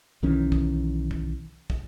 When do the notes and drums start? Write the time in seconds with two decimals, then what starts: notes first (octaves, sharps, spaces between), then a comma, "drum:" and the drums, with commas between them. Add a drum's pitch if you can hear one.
0.22 B1 D#3 E3 C#4
0.52 drum: kick
1.11 drum: kick
1.70 drum: kick